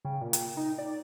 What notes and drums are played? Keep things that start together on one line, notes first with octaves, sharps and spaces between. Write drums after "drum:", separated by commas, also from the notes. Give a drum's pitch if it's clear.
C#3 G5
A#2
G5, drum: hi-hat
D#4
D5